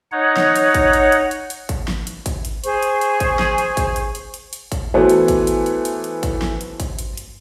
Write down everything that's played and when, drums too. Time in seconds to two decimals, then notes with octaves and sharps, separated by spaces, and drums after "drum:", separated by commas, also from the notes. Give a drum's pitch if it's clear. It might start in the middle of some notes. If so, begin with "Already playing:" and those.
0.12 D#4 C#5 F#5
0.37 drum: snare
0.56 drum: hi-hat
0.74 drum: kick, hi-hat
0.93 drum: hi-hat
1.12 drum: hi-hat
1.31 drum: hi-hat
1.50 drum: hi-hat
1.69 drum: kick, hi-hat
1.88 drum: snare
2.07 drum: hi-hat
2.26 drum: kick, hi-hat
2.45 drum: hi-hat
2.64 G#4 C5 C#6, drum: hi-hat
2.82 drum: hi-hat
3.01 drum: hi-hat
3.20 drum: kick, hi-hat
3.39 drum: snare
3.58 drum: hi-hat
3.77 drum: kick, hi-hat
3.96 drum: hi-hat
4.15 drum: hi-hat
4.34 drum: hi-hat
4.53 drum: hi-hat
4.72 drum: kick, hi-hat
4.94 E3 A3 B3 F#4 C5
5.09 drum: hi-hat
5.28 drum: kick, hi-hat
5.47 drum: hi-hat
5.66 drum: hi-hat
5.85 drum: hi-hat
6.04 drum: hi-hat
6.23 drum: kick, hi-hat
6.42 drum: snare
6.61 drum: hi-hat
6.80 drum: kick, hi-hat
6.99 drum: hi-hat
7.17 drum: hi-hat